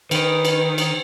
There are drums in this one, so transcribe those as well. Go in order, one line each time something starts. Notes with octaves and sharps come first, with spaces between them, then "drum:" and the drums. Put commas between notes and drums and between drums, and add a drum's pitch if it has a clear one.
D#3 B4, drum: cymbal
drum: cymbal
drum: cymbal